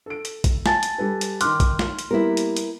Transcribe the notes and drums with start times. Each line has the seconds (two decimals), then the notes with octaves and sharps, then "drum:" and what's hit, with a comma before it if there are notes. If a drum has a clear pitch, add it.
0.06 A4 D7
0.25 drum: hi-hat
0.44 drum: kick A#1, hi-hat
0.66 G#5 A5 A6, drum: snare
0.83 drum: hi-hat
0.98 G3 A4 B4
1.21 drum: hi-hat
1.41 D#3 C6 D6 F6 F#6, drum: hi-hat
1.60 drum: kick A#1, hi-hat
1.79 drum: snare
1.99 drum: hi-hat
2.11 G3 A#3 B3 E4 A#4
2.37 drum: hi-hat
2.56 drum: hi-hat